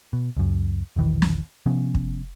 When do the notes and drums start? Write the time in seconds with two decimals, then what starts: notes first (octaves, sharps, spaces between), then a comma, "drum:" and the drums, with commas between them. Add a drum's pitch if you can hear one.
0.13 B2
0.37 C#2 F#2
0.96 E1 A#1 D#3 E3
1.22 drum: snare
1.66 C3 F3 B3 C#4
1.95 drum: kick